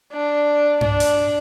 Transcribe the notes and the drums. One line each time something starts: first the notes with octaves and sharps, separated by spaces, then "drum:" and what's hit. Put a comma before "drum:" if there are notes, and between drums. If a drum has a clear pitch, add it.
D4
D4, drum: tom G2
drum: hi-hat